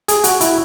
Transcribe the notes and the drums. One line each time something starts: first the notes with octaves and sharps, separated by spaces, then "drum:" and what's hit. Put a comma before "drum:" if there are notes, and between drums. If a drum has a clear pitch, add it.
G#4, drum: hi-hat
F#4, drum: hi-hat
E4, drum: hi-hat